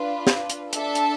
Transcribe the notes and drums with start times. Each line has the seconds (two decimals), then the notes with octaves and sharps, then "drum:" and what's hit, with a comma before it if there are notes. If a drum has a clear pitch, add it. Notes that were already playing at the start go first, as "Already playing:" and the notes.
Already playing: D4 F4 B4
0.27 drum: snare
0.50 drum: hi-hat
0.73 D4 A4 E5 A5, drum: hi-hat
0.95 drum: hi-hat